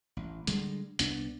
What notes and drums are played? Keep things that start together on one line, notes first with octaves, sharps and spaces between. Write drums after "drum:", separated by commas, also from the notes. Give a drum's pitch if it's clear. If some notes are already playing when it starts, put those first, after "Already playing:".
A1
D3 G3 G#3, drum: hi-hat
C2 B3 D4, drum: hi-hat